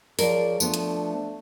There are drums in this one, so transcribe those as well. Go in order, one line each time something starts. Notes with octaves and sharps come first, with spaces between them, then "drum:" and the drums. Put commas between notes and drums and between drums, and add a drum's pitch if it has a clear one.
F3 G#4 A#4 C#5 D5, drum: open hi-hat
F3 A3 B3 D4, drum: tambourine
drum: hi-hat